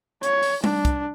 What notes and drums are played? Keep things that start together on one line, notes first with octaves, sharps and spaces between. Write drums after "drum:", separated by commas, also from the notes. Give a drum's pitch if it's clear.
C#5, drum: hi-hat
drum: open hi-hat
D4, drum: tom G3
drum: kick, hi-hat